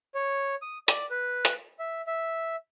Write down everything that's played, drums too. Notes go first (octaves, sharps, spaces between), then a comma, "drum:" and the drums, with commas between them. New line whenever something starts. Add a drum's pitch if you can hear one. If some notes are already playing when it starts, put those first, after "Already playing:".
C#5
D#6
D5, drum: hi-hat
B4
drum: hi-hat
E5
E5